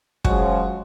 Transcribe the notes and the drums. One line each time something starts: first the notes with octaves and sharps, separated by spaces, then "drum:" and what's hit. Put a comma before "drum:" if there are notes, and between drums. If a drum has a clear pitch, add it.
C#3 F3 F#3 G#3 F#4, drum: kick